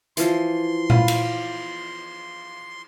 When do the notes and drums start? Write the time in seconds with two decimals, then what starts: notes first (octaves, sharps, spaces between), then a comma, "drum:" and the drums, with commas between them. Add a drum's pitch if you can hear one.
0.17 E3 F3 C6, drum: hi-hat
0.90 F4 B5, drum: tom A#2
1.08 drum: cymbal